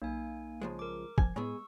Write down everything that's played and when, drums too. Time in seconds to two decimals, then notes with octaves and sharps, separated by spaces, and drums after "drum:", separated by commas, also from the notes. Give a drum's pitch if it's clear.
0.02 B1 A#3 D#4 G#5
0.61 C#3 F3 G#3
0.79 A#4 D6
1.18 F3 G#5, drum: kick
1.36 A2 G#3 B3 G#4 C#6 E6